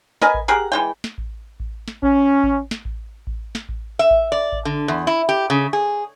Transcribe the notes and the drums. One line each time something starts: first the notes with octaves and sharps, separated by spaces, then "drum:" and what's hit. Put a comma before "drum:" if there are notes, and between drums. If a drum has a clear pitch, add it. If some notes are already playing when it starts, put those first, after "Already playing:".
A#4 B4 D#5 G#5, drum: snare
drum: kick A1
G4 G#4 A#4 F#5
E3 G#3 G5
drum: snare
drum: kick A1
drum: kick A1
drum: snare
C#4, drum: kick A1
drum: kick A1
drum: snare
drum: kick A1
drum: kick A1
drum: snare
drum: kick A1
E5
drum: kick A1
D5
drum: kick A1
D3
E2
E4
G4
C#3
G#4